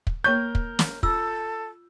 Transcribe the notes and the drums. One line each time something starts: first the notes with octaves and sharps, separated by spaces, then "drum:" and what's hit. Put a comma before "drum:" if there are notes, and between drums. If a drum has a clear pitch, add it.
drum: kick
A#3 A#4 C#5 C#6 G6
drum: kick
drum: snare
F4 A4 E6, drum: kick